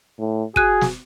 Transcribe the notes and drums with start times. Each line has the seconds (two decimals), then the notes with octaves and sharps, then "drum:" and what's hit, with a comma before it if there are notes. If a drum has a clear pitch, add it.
0.19 A2
0.56 F#4 G#4 F#6 D#7, drum: kick
0.81 drum: snare